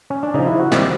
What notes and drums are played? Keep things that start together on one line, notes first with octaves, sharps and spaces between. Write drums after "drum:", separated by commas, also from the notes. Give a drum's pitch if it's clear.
C#4
D4
C#3 F3 D#4
E4
F#4
C3 D#3 G3 G4, drum: snare